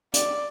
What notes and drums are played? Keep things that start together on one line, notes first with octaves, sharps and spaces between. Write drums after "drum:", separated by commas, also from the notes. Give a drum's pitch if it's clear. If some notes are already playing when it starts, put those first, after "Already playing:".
D5, drum: hi-hat